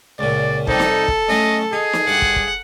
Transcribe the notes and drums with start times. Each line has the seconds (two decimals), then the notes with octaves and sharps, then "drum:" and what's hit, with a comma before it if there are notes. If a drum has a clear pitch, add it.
0.19 C#2 A#2 D5
0.67 F2 C3 G3 D#4 A4, drum: kick
0.80 drum: snare
1.08 drum: kick
1.29 F#3 A3 C#4 D#5
1.73 D#4 G#4
1.93 drum: snare
2.08 G2 F#5 D6
2.22 drum: kick
2.36 drum: kick